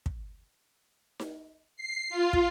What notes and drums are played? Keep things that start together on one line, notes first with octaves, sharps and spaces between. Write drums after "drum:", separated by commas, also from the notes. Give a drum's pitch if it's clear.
drum: kick
drum: snare D#4
C7
F4
drum: kick